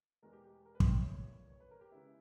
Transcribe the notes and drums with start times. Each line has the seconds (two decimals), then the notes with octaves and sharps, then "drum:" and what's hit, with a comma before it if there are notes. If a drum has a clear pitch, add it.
0.23 E2 B2 G#3 A#4
0.33 G4
0.44 G4
0.65 A#4
0.75 B4
0.80 G5, drum: kick
0.85 E5
0.96 C#5
1.07 G2 E3 A#3
1.50 C#5
1.60 B4
1.71 A#4
1.81 G4
1.92 C#3 G#3 B3 E4